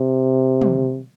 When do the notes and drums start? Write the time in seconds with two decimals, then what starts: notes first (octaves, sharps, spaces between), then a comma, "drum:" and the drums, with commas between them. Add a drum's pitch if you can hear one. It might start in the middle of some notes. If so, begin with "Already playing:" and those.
Already playing: C3
0.61 drum: tom